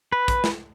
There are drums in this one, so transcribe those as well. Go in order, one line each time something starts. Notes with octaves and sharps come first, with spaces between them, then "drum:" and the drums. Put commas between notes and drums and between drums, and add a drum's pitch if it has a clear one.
B4
drum: kick, hi-hat
drum: snare